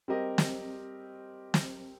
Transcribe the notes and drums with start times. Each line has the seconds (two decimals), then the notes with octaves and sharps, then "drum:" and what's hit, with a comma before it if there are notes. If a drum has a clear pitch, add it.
0.08 G3 C4 G4 A#4 D#5
0.38 drum: snare
1.54 drum: snare